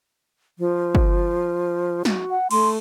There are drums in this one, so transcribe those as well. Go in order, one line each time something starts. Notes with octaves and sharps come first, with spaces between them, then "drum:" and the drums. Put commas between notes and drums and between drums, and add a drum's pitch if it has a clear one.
F3
drum: kick
F#4, drum: snare
F#5
A3 C6, drum: cymbal